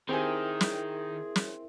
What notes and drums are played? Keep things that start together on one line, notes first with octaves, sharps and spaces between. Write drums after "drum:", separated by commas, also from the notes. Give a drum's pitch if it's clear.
D#3 C4 E4 G4 G#4 A#4 E5 G#5
drum: snare
drum: snare